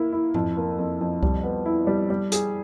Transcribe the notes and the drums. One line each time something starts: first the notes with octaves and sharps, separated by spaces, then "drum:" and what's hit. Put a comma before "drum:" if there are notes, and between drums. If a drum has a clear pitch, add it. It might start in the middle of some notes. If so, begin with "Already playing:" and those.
Already playing: A#3 E4
E4
F2, drum: tom G#2
A#3
F2
F2
G3, drum: kick C2
B3
E4
G3
G3
G#4, drum: hi-hat